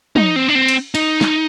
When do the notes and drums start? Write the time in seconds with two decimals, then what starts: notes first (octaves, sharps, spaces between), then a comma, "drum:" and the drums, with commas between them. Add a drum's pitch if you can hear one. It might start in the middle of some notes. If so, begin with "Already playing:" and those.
0.16 D#4, drum: tom
0.36 C4
0.48 D4
0.55 C4
0.68 drum: cymbal
0.95 D#4, drum: cymbal
1.21 drum: snare